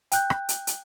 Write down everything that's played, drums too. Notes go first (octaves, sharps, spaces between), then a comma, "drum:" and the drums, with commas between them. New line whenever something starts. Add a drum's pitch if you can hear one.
G5 F#6 G6, drum: hi-hat
drum: rim click
drum: hi-hat
drum: hi-hat